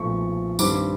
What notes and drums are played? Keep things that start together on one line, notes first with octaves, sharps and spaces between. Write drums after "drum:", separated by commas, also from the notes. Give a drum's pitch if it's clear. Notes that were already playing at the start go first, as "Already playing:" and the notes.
Already playing: B1 A#2 F3 A3 C#6
G2 D#3 G3 C4 D6, drum: tambourine